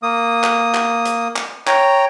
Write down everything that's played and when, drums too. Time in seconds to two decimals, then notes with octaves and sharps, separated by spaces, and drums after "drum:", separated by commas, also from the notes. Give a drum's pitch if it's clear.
0.03 A#3 D#6
0.44 drum: clap
0.75 drum: clap
1.05 drum: hi-hat
1.36 drum: clap
1.67 C#5 G5 A#5, drum: clap